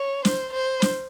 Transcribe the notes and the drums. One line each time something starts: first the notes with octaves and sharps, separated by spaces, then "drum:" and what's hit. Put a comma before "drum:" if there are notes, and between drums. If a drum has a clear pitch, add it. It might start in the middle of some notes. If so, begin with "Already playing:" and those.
Already playing: C#5
C5, drum: snare
C5
drum: snare